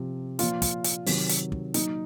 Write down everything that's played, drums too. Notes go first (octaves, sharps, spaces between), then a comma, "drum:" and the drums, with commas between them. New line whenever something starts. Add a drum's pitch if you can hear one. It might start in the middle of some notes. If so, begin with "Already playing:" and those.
Already playing: C3 F3
A#2 F3 F4, drum: hi-hat
drum: kick, hi-hat
drum: hi-hat
C3 D#3 F#3, drum: open hi-hat
drum: hi-hat
drum: kick
A#2 F#3 D#4, drum: hi-hat